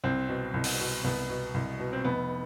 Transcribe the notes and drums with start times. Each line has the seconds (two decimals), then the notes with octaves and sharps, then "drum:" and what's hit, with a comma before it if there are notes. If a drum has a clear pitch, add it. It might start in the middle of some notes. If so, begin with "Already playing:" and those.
0.04 C2 C4
0.29 B2
0.54 C2
0.64 drum: open hi-hat
0.79 B2
1.04 C2 B3
1.29 B2
1.54 C2
1.80 B2
1.93 C4
2.05 F1 B3